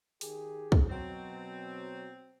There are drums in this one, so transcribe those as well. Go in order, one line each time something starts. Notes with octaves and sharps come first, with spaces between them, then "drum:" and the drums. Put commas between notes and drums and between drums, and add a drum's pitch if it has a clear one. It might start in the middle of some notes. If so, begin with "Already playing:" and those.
D#3 G4 G#4, drum: open hi-hat
drum: kick
B2 F#3 C4